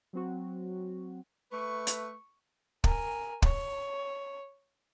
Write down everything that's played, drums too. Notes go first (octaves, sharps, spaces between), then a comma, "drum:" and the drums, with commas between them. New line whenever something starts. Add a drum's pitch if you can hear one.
F#3 C4 F#4
A3 B4 C#6
drum: hi-hat
A#4 G#5, drum: kick
C#5, drum: kick